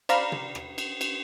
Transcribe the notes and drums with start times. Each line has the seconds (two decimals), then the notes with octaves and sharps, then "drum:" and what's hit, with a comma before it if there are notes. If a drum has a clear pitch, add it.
0.09 C5 D5 F5 A#5 B5, drum: cymbal
0.32 drum: tom
0.55 drum: rim click
0.78 drum: cymbal
1.01 drum: cymbal